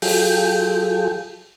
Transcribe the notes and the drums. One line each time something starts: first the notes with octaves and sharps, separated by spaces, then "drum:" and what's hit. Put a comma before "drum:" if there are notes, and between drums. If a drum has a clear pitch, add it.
F#3 F4 G#4 A4 G5, drum: open hi-hat